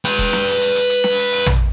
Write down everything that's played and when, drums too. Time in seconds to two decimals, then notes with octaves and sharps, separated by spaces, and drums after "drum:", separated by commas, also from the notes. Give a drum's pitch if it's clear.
0.05 B4 G5, drum: hi-hat
0.19 drum: kick, hi-hat
0.33 drum: snare
0.47 drum: hi-hat
0.61 drum: hi-hat
0.75 drum: hi-hat
0.90 drum: hi-hat
1.04 drum: snare
1.18 drum: hi-hat
1.32 drum: open hi-hat
1.46 drum: tom